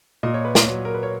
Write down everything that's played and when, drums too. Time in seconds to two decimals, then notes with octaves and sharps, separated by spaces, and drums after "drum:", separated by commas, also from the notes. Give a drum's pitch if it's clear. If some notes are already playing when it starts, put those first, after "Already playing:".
0.23 A#2 D#5
0.34 C#5
0.45 B4
0.55 C#5, drum: snare
0.68 F#3
0.85 A#4
0.94 B4
1.03 C#5